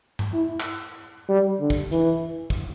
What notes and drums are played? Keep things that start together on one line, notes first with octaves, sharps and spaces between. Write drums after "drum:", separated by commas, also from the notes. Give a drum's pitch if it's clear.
drum: tom G2
E4
drum: clap
G3
D3
drum: kick
E3, drum: hi-hat
drum: kick